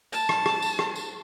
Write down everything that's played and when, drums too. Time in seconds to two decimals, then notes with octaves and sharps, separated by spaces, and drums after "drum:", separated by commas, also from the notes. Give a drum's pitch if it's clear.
0.13 A5, drum: tambourine
0.29 drum: rim click
0.46 drum: rim click
0.62 drum: tambourine
0.79 drum: rim click
0.95 drum: tambourine